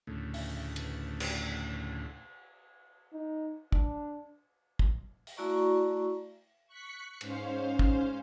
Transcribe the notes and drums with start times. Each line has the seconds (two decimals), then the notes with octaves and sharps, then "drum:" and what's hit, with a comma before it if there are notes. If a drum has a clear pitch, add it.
0.07 D2 A2 C#3
0.34 drum: open hi-hat
0.76 drum: cymbal
1.20 drum: cymbal
3.13 D#4
3.72 D4, drum: kick
4.79 drum: kick
5.27 drum: open hi-hat
5.37 A3 E4 F#4 D5 A#5 C#6
6.67 C#6 F#6 B6 C#7
7.21 G#2 C#4 C5 F5, drum: cymbal
7.79 drum: kick